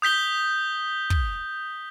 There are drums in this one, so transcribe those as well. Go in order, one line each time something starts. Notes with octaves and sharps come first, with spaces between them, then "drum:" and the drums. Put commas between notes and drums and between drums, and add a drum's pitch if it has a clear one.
D#6 G6 B6 G7
drum: kick